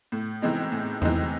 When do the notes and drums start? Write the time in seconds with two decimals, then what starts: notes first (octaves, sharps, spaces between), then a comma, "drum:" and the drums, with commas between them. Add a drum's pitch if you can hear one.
0.12 A2
0.42 E3 G#3 C4 D#4
0.72 A2
1.02 E3 G#3 C4 D#4, drum: tom E2